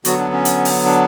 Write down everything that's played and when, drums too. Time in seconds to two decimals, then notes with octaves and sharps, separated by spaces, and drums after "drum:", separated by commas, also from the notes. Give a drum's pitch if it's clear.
0.05 D3 F#3 B3 F#4, drum: hi-hat
0.18 D4
0.32 C#4
0.45 drum: hi-hat
0.65 drum: open hi-hat
0.85 D4